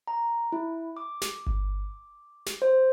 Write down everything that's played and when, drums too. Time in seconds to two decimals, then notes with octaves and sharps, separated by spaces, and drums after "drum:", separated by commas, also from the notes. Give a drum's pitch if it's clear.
0.08 A#5
0.52 E4
0.97 D6
1.22 drum: snare
1.47 drum: kick G1
2.46 drum: snare
2.62 C5